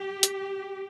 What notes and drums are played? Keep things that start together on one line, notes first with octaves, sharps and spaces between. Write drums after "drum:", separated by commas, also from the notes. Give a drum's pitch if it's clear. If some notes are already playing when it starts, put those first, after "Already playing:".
Already playing: G4
drum: hi-hat